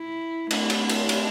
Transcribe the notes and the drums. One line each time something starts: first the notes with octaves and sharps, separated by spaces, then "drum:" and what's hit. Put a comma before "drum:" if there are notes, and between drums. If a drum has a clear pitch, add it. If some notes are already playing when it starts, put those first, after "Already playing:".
Already playing: E4
A3, drum: cymbal
drum: cymbal
drum: cymbal
drum: cymbal